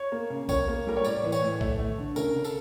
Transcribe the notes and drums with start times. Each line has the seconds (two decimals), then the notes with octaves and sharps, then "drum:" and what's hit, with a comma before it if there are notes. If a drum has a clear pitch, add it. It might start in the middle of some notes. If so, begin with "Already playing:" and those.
Already playing: C#5
0.12 A#3
0.30 C#3
0.49 A#3 C#5, drum: kick A#1, tambourine
0.68 A#3
0.87 G3 A#4
0.97 C#5
1.04 A2 D5, drum: tambourine
1.24 E3
1.32 C#5, drum: tambourine
1.42 A2
1.61 A3, drum: kick A#1
1.79 A3
1.89 drum: tom D3
1.98 D3
2.16 C#3 A#4, drum: tambourine
2.36 C#3
2.44 A4, drum: tambourine